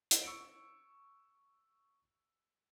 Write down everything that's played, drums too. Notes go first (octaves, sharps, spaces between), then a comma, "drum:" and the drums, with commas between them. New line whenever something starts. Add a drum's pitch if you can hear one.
drum: hi-hat
C#6 E6 C#7 D7